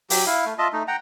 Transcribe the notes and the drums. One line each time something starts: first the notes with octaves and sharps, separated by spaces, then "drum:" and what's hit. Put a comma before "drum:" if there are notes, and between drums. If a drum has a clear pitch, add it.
F#3 G4, drum: open hi-hat
E4 F5
A3
F4 D#5 E5 A5
A3 D#4
F#5 G5 A#5